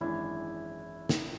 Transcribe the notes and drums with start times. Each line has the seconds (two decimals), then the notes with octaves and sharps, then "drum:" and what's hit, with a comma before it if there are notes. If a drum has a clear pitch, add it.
0.01 G#1 F#2 E3 G#3 D4 E4
1.09 drum: snare